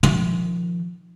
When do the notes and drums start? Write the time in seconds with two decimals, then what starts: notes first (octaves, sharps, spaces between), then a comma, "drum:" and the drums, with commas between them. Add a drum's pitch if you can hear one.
0.03 D#3 F3, drum: tom